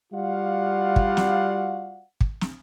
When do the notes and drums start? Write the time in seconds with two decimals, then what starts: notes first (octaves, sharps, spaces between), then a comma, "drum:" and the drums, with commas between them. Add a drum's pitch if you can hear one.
0.13 G3 F4 F#4 D5 F5 F#5
0.96 drum: kick
1.17 drum: snare
2.21 drum: kick
2.41 drum: snare